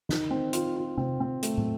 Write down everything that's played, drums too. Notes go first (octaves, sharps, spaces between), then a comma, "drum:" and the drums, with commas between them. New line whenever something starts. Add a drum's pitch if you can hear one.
D#3, drum: snare
C4
F4, drum: hi-hat
F4
C4, drum: tom C3
C4
A3, drum: hi-hat
drum: tom